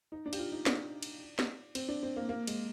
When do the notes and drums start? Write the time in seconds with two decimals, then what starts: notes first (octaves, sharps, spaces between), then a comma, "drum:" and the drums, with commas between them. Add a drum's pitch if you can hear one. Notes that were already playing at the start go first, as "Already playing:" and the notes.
0.12 D#4
0.26 D4
0.33 G4, drum: cymbal
0.39 F4
0.52 D#4
0.66 D4, drum: snare
1.03 drum: cymbal
1.39 drum: snare
1.75 C4, drum: cymbal
1.88 D4
2.03 C4
2.16 A#3
2.29 A#3
2.47 G#3, drum: cymbal